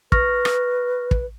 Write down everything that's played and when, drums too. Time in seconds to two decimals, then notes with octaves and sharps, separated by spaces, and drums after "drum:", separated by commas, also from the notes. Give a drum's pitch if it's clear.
0.12 B4 C#6 F6 A#6, drum: kick
0.45 drum: rim click
1.11 drum: kick